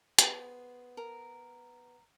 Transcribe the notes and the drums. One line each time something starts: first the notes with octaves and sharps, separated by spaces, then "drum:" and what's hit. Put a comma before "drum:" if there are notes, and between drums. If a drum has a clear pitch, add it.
B3 G#4 C5, drum: hi-hat
A#4